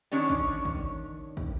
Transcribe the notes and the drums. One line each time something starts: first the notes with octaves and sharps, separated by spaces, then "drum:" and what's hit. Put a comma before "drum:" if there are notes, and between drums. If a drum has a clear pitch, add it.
D#3 C#4 D4 C#5 D5
drum: kick
drum: kick
drum: kick